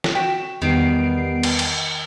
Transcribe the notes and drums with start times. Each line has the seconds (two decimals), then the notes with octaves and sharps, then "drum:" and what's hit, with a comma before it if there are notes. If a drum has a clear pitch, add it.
0.04 drum: snare
0.15 F#4 G5 B6 E7
0.62 E2 D#3 G3 B3 C7 D7
1.43 drum: cymbal
1.59 drum: cymbal